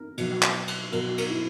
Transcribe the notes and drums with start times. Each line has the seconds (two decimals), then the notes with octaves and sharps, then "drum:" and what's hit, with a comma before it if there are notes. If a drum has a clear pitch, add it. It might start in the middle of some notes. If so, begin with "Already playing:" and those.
Already playing: A#4
0.18 B2 F#3, drum: cymbal
0.43 drum: clap
0.68 drum: cymbal
0.92 B2 F#3 A#4, drum: cymbal
1.18 A#4, drum: cymbal
1.30 E4